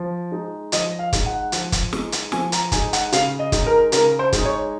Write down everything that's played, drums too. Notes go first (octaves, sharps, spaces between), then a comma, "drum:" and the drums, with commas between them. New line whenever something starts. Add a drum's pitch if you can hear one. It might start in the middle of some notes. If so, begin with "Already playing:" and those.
Already playing: F3
G#3 D#4
F3 D#5, drum: hi-hat
F5
G#3 D#4, drum: kick, hi-hat
F#5
F3, drum: hi-hat
drum: kick, hi-hat
G#3 D#4, drum: snare
drum: hi-hat
F3 G#5, drum: snare
A#5, drum: hi-hat
G#3 D#4 G#5, drum: kick, hi-hat
F#5, drum: hi-hat
C#3 F5, drum: hi-hat
D#5
G#3 D#4, drum: kick, hi-hat
A#4
C#3 A#4, drum: hi-hat
C5
G#3 D#4, drum: kick, hi-hat
C#5